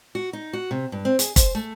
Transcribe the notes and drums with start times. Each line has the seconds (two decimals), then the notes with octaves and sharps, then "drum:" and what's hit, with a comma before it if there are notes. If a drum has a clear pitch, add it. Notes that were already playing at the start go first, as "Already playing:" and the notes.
0.15 F#4
0.33 D#4
0.53 F#4
0.71 C3
0.92 G2
1.05 C4
1.19 G#4, drum: hi-hat
1.36 C5, drum: kick, hi-hat
1.55 A3